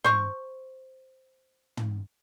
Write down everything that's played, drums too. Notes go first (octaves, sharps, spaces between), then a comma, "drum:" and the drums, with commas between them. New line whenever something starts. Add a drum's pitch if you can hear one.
C5 C#6, drum: tom
drum: tom